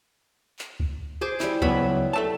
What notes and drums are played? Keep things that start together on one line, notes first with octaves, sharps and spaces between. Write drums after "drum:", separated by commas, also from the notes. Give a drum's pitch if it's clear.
drum: clap
drum: kick C#2
G#4 C5 D6
G3 E4, drum: clap
C#2 F#3 B3 E5 B5, drum: kick C#2
A4 E5 A5